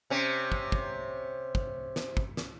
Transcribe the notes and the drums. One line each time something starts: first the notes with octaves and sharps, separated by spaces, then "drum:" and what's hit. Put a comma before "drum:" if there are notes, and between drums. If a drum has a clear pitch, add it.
C3 C#4
drum: kick
drum: kick
drum: kick
drum: snare
drum: kick
drum: snare